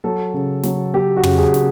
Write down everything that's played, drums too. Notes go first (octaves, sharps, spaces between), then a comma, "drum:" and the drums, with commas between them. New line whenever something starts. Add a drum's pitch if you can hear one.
F#3 A4
C#3
F#3, drum: snare
F#3 G4
F#4
C#3, drum: tom
G#4
C#3, drum: snare